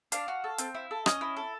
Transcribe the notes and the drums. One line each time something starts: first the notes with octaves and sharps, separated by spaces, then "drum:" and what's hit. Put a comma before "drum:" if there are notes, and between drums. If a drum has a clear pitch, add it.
D4 F5, drum: hi-hat
F#4
A4
C4, drum: hi-hat
E4
A4
C#4 D#5, drum: rim click
E4
A4